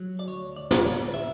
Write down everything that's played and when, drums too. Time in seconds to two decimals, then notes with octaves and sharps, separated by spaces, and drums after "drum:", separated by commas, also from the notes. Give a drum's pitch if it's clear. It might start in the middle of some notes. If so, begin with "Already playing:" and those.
Already playing: F#3
0.19 D5
0.28 D2 C#5
0.56 D5
0.71 D3, drum: snare
0.85 D5
1.14 E5